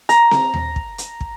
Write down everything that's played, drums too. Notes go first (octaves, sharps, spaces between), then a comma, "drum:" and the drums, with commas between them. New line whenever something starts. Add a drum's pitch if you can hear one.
A#5, drum: hi-hat
drum: snare C4
drum: tom D#2
drum: kick
drum: hi-hat
drum: kick